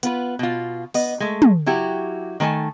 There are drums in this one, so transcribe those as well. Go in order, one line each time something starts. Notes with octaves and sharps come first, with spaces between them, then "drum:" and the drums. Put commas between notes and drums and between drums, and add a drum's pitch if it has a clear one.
B3 F4 B4, drum: hi-hat
B2 F4
B3 D#5, drum: open hi-hat
G#3 A3
drum: tom
F#3 E4 F#4 G4
D#3 A3 C5 G#5 A5